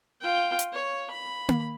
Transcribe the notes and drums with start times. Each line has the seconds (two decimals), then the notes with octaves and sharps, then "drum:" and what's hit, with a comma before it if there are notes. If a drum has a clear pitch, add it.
0.21 F4 G5
0.59 drum: hi-hat
0.73 C#5
1.11 B5
1.49 drum: tom A#3